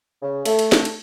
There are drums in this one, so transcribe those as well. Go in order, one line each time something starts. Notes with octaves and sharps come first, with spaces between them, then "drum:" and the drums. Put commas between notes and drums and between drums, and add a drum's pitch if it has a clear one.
C#3
A3, drum: cymbal
drum: cymbal
drum: snare
drum: cymbal